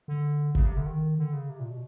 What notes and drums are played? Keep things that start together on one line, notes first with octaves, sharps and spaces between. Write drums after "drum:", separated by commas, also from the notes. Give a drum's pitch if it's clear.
D3
C#3, drum: kick G1
C3
D3
D#3
D3
C#3
C3
A#2
B2